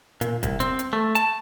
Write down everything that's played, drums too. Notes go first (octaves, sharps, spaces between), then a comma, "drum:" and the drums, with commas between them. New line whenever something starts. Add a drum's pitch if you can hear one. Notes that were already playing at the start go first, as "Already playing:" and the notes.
A#2, drum: hi-hat
C2, drum: kick F1, hi-hat
C4, drum: hi-hat
drum: hi-hat
A3
A5, drum: hi-hat